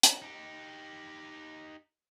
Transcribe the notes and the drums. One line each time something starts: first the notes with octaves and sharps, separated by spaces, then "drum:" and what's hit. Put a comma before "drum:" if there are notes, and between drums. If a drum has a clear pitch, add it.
drum: hi-hat
D#4 G4